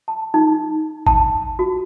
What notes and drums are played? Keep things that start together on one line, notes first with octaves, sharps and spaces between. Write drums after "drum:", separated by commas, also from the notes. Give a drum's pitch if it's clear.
A5
D#4
A5, drum: kick G#1
F#4